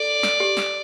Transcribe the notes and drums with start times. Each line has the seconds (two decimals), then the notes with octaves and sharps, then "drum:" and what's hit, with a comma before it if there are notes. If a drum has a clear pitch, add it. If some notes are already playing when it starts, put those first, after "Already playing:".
Already playing: A4 D5
0.23 drum: snare
0.40 G4
0.57 drum: snare